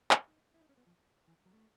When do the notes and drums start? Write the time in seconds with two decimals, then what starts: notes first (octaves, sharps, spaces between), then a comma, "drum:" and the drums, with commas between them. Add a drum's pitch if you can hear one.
0.11 drum: clap
0.28 D#4
0.54 E4
0.61 D#4
0.69 C#4
0.77 B3
0.86 F3
1.27 E3
1.45 F#3
1.53 A3